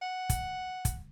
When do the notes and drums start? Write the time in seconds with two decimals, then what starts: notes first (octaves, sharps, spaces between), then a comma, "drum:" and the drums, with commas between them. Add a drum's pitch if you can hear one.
0.02 F#5
0.30 drum: kick, hi-hat
0.85 drum: kick, hi-hat